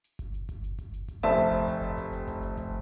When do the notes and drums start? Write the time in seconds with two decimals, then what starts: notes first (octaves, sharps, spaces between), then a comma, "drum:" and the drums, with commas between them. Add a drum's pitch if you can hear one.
0.04 drum: hi-hat
0.19 drum: kick G1, hi-hat
0.34 drum: hi-hat
0.49 drum: kick G1, hi-hat
0.64 drum: hi-hat
0.79 drum: kick G1, hi-hat
0.94 drum: hi-hat
1.08 drum: kick G1, hi-hat
1.23 F1 C5 E5 A5, drum: hi-hat
1.38 drum: kick G1, hi-hat
1.53 drum: hi-hat
1.68 drum: kick G1, hi-hat
1.83 drum: hi-hat
1.98 drum: kick G1, hi-hat
2.13 drum: hi-hat
2.28 drum: kick G1, hi-hat
2.43 drum: hi-hat
2.57 drum: kick G1, hi-hat